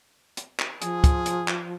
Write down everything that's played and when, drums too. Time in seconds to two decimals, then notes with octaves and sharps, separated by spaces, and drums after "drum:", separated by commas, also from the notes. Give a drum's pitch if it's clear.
0.37 drum: hi-hat
0.59 drum: clap
0.82 F3 G#4, drum: hi-hat
1.04 drum: kick, hi-hat
1.26 drum: hi-hat
1.48 drum: clap